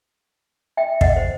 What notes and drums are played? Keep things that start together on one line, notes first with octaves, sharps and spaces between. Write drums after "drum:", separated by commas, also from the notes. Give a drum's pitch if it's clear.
E5 G5
D#5 F#5, drum: kick
C5